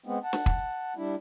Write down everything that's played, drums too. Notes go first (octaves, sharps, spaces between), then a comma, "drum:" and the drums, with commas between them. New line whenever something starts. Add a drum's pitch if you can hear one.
G#3 B3 C4
F#5 A5
drum: snare
drum: kick
G3 D4 E4